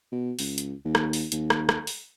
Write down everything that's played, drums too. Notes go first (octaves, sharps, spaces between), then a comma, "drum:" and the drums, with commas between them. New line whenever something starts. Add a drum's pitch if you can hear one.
B2
C#2, drum: open hi-hat
drum: hi-hat
D#2
drum: rim click
drum: open hi-hat
D#2, drum: hi-hat
drum: rim click
drum: rim click
drum: open hi-hat